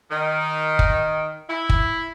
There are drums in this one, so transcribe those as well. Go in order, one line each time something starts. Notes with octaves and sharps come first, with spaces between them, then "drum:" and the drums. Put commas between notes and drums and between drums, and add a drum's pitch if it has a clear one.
D#3
drum: kick
E4
drum: kick